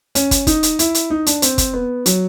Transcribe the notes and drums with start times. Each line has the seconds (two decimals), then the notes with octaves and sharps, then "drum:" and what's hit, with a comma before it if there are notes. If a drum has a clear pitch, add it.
0.15 C#4, drum: hi-hat
0.31 drum: kick, hi-hat
0.47 D#4, drum: kick, hi-hat
0.63 drum: hi-hat
0.79 E4, drum: hi-hat
0.95 drum: hi-hat
1.10 D#4
1.26 D4, drum: hi-hat
1.42 C4, drum: hi-hat
1.58 drum: kick, hi-hat
1.74 B3
2.06 F#3, drum: hi-hat